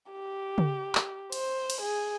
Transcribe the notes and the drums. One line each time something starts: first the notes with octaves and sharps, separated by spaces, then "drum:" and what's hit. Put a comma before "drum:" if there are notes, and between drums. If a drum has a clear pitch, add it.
G4
drum: tom C#3
drum: clap
C5, drum: cymbal
drum: cymbal
G#4